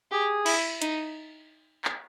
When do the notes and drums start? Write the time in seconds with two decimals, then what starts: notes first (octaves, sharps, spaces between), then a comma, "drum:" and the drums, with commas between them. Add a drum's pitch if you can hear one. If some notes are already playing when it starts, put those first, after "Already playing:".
0.11 G4 G#4
0.46 E4, drum: cymbal
0.82 D#4, drum: hi-hat
1.85 drum: clap